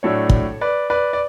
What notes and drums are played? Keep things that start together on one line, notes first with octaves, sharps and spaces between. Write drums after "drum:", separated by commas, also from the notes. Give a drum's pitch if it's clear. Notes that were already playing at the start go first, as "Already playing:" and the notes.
A2 F#3 A3 D4 A4 C#5
drum: kick
B4 D5
B4 D5
D5